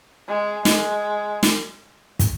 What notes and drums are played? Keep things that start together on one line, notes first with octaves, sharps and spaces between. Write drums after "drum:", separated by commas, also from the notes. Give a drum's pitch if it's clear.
G#3
G#3, drum: snare
drum: snare
drum: kick, hi-hat